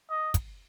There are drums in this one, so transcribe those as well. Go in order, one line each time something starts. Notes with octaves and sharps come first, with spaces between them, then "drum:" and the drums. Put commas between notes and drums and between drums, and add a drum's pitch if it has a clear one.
D#5
drum: kick, hi-hat